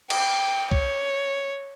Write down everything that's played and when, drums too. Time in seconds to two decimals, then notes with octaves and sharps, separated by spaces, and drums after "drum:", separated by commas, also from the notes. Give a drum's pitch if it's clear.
0.10 G5, drum: cymbal
0.72 C#5, drum: kick